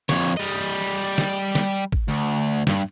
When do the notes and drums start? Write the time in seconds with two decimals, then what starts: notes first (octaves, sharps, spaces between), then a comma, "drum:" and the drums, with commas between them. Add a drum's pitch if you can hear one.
0.09 F2 C#5, drum: snare
0.37 G3 D#5
1.18 drum: snare
1.55 drum: snare
1.92 drum: kick
2.08 D2
2.67 G2, drum: snare